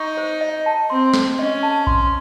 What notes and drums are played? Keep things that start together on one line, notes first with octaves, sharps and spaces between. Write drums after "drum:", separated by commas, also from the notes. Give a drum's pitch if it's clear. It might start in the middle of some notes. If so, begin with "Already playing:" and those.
Already playing: D#4 C#6
C5
D#5
A5
C4 C6
A4, drum: snare
C#4 D#5
A5
C6, drum: kick A#1